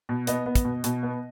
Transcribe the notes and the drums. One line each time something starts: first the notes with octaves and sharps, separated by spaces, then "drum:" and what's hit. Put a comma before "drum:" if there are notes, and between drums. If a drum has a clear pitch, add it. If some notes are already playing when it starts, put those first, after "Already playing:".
B2
B3 D#5, drum: hi-hat
B3
drum: kick, hi-hat
B2
B2, drum: hi-hat
B3